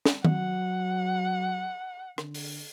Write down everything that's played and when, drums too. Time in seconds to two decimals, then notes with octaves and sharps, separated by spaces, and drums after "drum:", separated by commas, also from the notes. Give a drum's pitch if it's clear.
0.06 drum: snare
0.25 F#3 F#5, drum: tom D#3
2.18 D3, drum: rim click
2.34 drum: open hi-hat